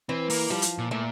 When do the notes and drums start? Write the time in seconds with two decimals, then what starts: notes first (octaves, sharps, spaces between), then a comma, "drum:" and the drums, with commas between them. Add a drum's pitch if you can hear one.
0.09 E3 C4
0.30 A#3, drum: open hi-hat
0.50 F3 G3
0.62 drum: hi-hat
0.78 A#2
0.91 A#2 A3